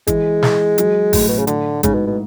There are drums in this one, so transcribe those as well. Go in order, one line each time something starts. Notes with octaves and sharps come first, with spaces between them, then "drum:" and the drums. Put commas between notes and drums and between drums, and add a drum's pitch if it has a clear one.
E3 G#3, drum: kick G#1, hi-hat
drum: snare
F#3, drum: hi-hat
A2, drum: kick G#1, open hi-hat
B2
C#3
D3, drum: hi-hat
G#2 C#3, drum: kick G#1, hi-hat
B2
B2